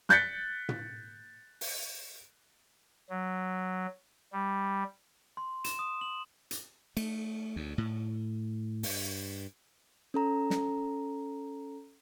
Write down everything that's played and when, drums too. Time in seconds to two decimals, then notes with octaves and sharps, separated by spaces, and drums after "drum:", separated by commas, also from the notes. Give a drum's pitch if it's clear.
0.09 F#6 G6 A6 B6 C#7, drum: snare
0.69 drum: tom
1.61 drum: open hi-hat
3.10 F#3
4.33 G3
5.37 C6
5.64 E7, drum: hi-hat
5.79 D#6
6.01 F#7
6.51 drum: hi-hat
6.97 A3, drum: cymbal
7.56 D2
7.78 A2
8.83 G2, drum: open hi-hat
10.14 C#4 A4 A#5
10.50 drum: snare